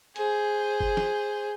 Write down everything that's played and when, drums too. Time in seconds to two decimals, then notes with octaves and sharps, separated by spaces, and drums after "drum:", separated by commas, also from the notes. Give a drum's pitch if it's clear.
0.16 G#4 C5, drum: hi-hat
0.80 drum: kick F#1
0.97 drum: snare